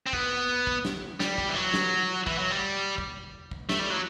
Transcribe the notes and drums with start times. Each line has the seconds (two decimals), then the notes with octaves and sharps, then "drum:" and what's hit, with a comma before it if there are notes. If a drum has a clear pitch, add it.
0.06 C4
0.13 B3, drum: kick
0.67 drum: kick
0.85 drum: snare
1.20 G3, drum: snare
1.38 drum: kick
1.49 E3
1.56 F#3
1.74 drum: snare
2.27 E3, drum: kick
2.39 F#3
2.51 G3
2.98 drum: kick
3.51 drum: kick
3.69 A3, drum: snare
3.79 G3
3.90 F#3